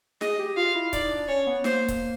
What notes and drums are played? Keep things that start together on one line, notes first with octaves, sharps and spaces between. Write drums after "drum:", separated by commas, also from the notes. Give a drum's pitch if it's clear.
G#4 D#5, drum: snare
G4
F4 F5
E4
D#4 D5, drum: kick C#1, hi-hat
D#4
D4
C#4 C#5
B3
A#3 C5, drum: snare
drum: kick C#1, hi-hat